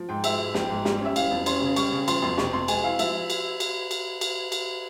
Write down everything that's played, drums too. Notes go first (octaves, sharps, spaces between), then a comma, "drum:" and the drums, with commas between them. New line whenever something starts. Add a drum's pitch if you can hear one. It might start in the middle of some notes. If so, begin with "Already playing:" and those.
Already playing: F3
G#2 G5
G#3 E5, drum: cymbal
G#2
F3 G5, drum: snare
G#2
G3, drum: snare
C#4 E5
E3 F5, drum: cymbal
F2
C#4 C6, drum: cymbal
C#3
G3 C#6, drum: cymbal
C#3
F3 C6, drum: cymbal
F2 C6
C3 C#6, drum: snare
F2 C6
G#3 G#5, drum: cymbal
E4 F5
F3 E5, drum: cymbal
drum: cymbal
drum: cymbal
drum: cymbal
drum: cymbal
drum: cymbal